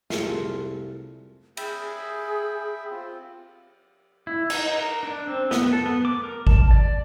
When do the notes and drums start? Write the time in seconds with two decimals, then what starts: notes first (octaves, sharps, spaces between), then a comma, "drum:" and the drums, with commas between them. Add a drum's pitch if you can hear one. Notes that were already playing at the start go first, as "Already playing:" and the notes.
0.10 C2 E4 F4 G#4 A4, drum: snare
1.57 G#4 E5 G5 B5, drum: cymbal
2.91 C4 F4
4.27 E4
4.50 D#4, drum: cymbal
4.72 A#4
5.03 D4
5.28 C4
5.51 B3, drum: snare
5.73 A4
5.86 B3
6.05 D6
6.24 A#4
6.47 A5, drum: kick G#1
6.71 D5